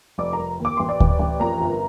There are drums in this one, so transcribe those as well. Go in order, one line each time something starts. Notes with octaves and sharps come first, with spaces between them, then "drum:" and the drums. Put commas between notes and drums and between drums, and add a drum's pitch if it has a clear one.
F1 D5 D6
A#4 A#5
F1
D#2
D6
A1 C6
D5 D6
A1, drum: kick D2
A1
F2 A#4 A#5
G1